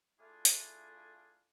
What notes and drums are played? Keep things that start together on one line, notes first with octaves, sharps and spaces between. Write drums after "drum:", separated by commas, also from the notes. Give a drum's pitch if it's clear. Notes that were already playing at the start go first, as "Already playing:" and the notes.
A3 D4 E4 F4 G#4
drum: hi-hat